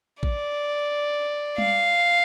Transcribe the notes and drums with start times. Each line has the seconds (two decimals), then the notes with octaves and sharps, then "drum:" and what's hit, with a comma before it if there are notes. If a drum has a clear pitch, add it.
0.23 D5, drum: kick A1
1.58 F5, drum: tom G3